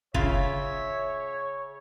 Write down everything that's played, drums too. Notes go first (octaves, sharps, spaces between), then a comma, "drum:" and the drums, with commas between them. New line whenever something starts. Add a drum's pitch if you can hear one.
C#3 F4 C#5 E5, drum: kick